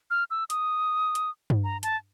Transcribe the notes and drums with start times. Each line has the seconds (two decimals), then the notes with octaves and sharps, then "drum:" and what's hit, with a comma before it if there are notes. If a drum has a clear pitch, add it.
0.11 F6
0.31 E6
0.50 D#6, drum: hi-hat
1.15 drum: hi-hat
1.50 drum: tom G2
1.64 A#5
1.83 A5, drum: hi-hat